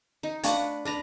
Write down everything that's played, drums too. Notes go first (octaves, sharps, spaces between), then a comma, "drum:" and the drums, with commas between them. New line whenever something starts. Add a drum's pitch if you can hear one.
D#4
A3 D4 B4 F5 F#5 C#6, drum: hi-hat
D2 D4 B4 A#5